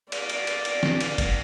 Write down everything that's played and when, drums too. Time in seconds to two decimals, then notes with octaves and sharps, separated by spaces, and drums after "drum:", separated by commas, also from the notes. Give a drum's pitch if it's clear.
0.12 D5, drum: cymbal
0.30 drum: cymbal
0.47 drum: cymbal
0.65 drum: cymbal
0.83 drum: snare
1.01 drum: cymbal
1.18 drum: kick, cymbal